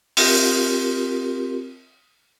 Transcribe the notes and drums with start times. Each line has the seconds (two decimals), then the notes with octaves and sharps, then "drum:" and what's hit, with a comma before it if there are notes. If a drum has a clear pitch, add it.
0.17 C4 F4 G4 A#4, drum: open hi-hat